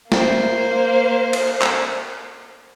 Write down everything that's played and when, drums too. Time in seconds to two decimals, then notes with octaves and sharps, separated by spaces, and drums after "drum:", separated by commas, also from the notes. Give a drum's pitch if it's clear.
0.12 A#3 C5, drum: snare
1.33 drum: cymbal
1.62 drum: clap